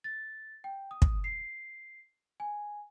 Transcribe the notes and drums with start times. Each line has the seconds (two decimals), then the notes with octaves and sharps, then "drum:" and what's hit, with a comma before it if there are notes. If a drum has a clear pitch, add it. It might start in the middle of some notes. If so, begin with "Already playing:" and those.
0.04 A6
0.64 G5
0.91 D#6
1.02 drum: kick
1.24 C7
2.40 G#5